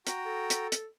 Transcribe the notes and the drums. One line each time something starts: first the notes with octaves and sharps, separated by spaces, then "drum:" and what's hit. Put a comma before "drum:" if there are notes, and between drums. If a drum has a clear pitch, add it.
F#4 G5 A#5, drum: hi-hat
A4
drum: hi-hat
drum: hi-hat